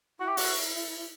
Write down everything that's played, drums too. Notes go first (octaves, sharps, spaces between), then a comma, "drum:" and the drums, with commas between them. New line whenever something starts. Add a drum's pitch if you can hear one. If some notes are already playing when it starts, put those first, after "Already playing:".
E4 F#4
G4
F#4, drum: open hi-hat